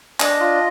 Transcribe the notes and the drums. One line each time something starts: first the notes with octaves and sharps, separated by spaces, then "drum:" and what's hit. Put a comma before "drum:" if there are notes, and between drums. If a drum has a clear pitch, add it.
D4 D#5, drum: clap
F4